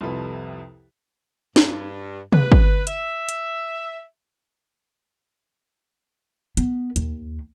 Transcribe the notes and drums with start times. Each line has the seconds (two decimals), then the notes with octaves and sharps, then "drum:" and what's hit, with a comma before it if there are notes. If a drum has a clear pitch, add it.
0.01 C2 F2 C3 F3 A4 B4
1.56 G2, drum: snare
2.32 B4, drum: tom C3
2.52 drum: kick
2.87 E5, drum: hi-hat
3.29 drum: hi-hat
6.57 B3, drum: hi-hat
6.96 D#2, drum: hi-hat